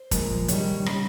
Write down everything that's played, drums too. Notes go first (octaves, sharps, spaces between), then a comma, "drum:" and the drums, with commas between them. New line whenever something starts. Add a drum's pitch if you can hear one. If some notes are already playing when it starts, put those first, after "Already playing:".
Already playing: C5
A#2 F3 G#3, drum: kick, hi-hat
C3 D#3 G3 C#5, drum: hi-hat
C#3 G3, drum: rim click